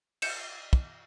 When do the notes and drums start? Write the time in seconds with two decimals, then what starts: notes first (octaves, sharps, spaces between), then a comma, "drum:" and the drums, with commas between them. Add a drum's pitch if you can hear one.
0.22 G6 C#7 E7, drum: cymbal
0.73 drum: kick